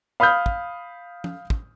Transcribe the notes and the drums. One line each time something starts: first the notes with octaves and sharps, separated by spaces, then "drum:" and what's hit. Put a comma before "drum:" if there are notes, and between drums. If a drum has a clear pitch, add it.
F5 B5 D#6 F6 G6
drum: kick
drum: tom
drum: kick